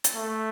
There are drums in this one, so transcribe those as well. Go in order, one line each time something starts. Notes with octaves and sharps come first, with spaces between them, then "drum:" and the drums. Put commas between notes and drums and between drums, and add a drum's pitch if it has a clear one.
drum: hi-hat
A3